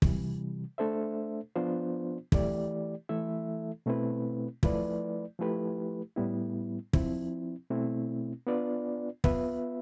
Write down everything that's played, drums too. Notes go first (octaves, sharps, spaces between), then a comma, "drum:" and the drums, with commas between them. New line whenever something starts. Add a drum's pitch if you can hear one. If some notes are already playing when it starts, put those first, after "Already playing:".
C3 E3 G3, drum: kick
A3 D4 A4 C5 E5
F3 B3 D4 F4 C5
E3 A3 E4 G4 D5, drum: kick
E3 A3 E4 A4 E5
B2 A3 C4 E4 B4
F3 A3 E4 B4 D5, drum: kick
F3 A3 E4 G4 B4
A2 G3 B3 E4
F3 C4 E4, drum: kick
B2 A3 C4 E4
B3 D4 F4 B4 D5
B3 F4 B4 E5, drum: kick